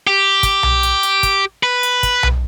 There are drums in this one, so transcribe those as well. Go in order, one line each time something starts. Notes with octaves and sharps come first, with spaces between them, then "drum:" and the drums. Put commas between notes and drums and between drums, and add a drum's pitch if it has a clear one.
G4
drum: kick, hi-hat
drum: tom B1
drum: hi-hat
drum: hi-hat
drum: kick, hi-hat
B4
drum: hi-hat
drum: kick, hi-hat
drum: tom B1